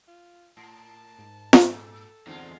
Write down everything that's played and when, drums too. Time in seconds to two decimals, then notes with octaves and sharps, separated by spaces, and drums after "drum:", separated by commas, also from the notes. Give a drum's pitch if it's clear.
0.08 F4
0.57 A2 A5
1.19 G#2
1.53 A#2 A4, drum: snare F4
2.27 E2 D3 G#3 C4 D#4 F4